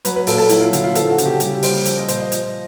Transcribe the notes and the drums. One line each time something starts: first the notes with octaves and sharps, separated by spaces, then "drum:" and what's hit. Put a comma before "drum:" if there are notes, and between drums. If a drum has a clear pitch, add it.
F#3 B4, drum: hi-hat
B4
A#2 A4, drum: open hi-hat
A4
F#3 E4, drum: hi-hat
F4
D3, drum: hi-hat
F4
F3 A4, drum: hi-hat
F#4
C#3, drum: hi-hat
G4
G3 G4, drum: hi-hat
G3 C5, drum: open hi-hat
F3, drum: hi-hat
D#5
A#2 C5, drum: hi-hat
D#5
F3, drum: hi-hat